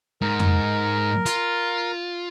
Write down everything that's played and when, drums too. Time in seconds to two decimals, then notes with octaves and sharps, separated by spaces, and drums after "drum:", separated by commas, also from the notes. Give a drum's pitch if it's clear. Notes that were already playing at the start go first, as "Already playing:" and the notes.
0.21 G#2 A#4
0.40 drum: tom F2
1.26 F4, drum: hi-hat